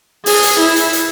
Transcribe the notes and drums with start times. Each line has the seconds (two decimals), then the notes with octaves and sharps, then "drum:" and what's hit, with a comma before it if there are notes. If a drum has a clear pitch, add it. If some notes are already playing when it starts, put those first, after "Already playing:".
0.26 G#4, drum: open hi-hat
0.43 drum: hi-hat
0.60 E4
0.76 drum: hi-hat
0.93 drum: hi-hat